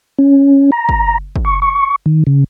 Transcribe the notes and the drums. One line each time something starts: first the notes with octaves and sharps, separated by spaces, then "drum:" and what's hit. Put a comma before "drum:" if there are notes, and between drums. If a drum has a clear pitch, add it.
C#4
A#5
drum: kick
drum: kick
C#6
C#6
D#3
C#3